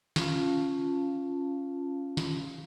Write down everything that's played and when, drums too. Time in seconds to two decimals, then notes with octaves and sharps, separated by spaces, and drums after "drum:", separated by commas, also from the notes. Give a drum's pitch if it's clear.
0.16 C#4 F4 F5 A5, drum: snare
2.17 drum: snare